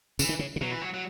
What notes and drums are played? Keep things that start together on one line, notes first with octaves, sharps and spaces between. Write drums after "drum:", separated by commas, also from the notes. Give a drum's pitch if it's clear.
C#3 E3, drum: tambourine
D#3
C#3
C#3
B2 F#3
E3
F#3
F#3